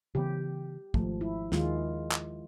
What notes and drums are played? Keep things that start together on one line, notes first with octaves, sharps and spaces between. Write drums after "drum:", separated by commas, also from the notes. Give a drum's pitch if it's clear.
C#3 E3 B3 G4
G#1 G#2 F3 A3, drum: kick
E4
D#2 D#3 G#3 F4, drum: snare
drum: clap